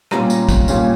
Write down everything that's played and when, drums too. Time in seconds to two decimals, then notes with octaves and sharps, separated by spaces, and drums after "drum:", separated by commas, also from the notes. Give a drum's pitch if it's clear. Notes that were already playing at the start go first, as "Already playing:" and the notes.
0.11 A#2 G3 C#4 F4 A#5, drum: rim click
0.30 drum: tambourine
0.49 drum: kick, tambourine
0.68 A#2 G3 C#4 F4, drum: tambourine